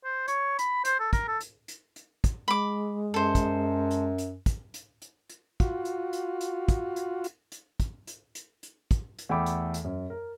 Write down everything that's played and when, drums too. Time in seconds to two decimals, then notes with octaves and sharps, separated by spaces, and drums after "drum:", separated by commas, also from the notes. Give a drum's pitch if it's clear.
0.05 C5
0.28 C#5, drum: hi-hat
0.59 B5, drum: hi-hat
0.85 C5, drum: hi-hat
1.00 A4
1.13 A#4, drum: kick, hi-hat
1.28 A4
1.41 drum: hi-hat
1.68 drum: hi-hat
1.96 drum: hi-hat
2.24 drum: kick, hi-hat
2.48 G#3 B5 D6
3.14 F#2 A4 C5
3.35 drum: kick, hi-hat
3.91 drum: hi-hat
4.18 drum: hi-hat
4.46 drum: kick, hi-hat
4.74 drum: hi-hat
5.02 drum: hi-hat
5.30 drum: hi-hat
5.60 F4 F#4, drum: kick, hi-hat
5.85 drum: hi-hat
6.13 drum: hi-hat
6.41 drum: hi-hat
6.68 drum: kick, hi-hat
6.96 drum: hi-hat
7.24 drum: hi-hat
7.52 drum: hi-hat
7.80 drum: kick, hi-hat
8.07 drum: hi-hat
8.35 drum: hi-hat
8.63 drum: hi-hat
8.91 drum: kick, hi-hat
9.19 drum: hi-hat
9.29 E2 A3 A4 G5 B5 D6
9.46 drum: hi-hat
9.74 drum: hi-hat
9.84 F#2
10.10 A#4